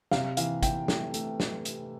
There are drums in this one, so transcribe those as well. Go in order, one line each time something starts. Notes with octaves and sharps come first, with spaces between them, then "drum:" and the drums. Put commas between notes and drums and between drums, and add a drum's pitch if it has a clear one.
C3 F5, drum: snare
E3 F5, drum: hi-hat
E3 G5, drum: kick, hi-hat
A3, drum: snare
A3, drum: hi-hat
drum: snare
drum: hi-hat